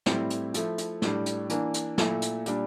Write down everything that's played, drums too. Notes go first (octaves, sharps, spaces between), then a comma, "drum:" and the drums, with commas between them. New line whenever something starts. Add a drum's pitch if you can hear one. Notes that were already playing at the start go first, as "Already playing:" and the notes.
A2 G3 C4 E4, drum: snare
drum: hi-hat
F3 A3 E4, drum: hi-hat
drum: hi-hat
A2 G3 D4, drum: snare
drum: hi-hat
E3 A#3 D4, drum: hi-hat
drum: hi-hat
A#2 A3 E4, drum: snare
drum: hi-hat
A#2 G3 D4, drum: hi-hat